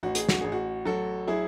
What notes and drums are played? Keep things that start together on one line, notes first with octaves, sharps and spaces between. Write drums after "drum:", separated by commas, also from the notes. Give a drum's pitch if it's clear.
A1 F#4
G#4, drum: hi-hat
F#4, drum: snare
A1 G#4
F#4
F#3 F#4 A4
F#3 E4 G#4